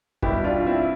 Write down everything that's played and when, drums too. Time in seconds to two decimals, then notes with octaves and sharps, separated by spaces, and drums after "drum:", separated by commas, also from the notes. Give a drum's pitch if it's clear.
0.22 B2 G3 E4 G4, drum: kick
0.44 D4 F4
0.66 C4 E4